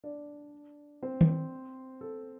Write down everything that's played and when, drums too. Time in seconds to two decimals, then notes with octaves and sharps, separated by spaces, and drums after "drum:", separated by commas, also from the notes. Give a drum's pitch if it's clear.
0.04 D4 D5
1.03 C4 C5
1.21 drum: tom
2.01 A4